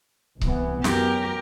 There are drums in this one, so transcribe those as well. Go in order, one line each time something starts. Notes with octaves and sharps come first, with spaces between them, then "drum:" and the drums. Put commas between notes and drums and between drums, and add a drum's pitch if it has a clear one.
C2 E3 B3, drum: kick C#1
F#2 G4 A#4, drum: snare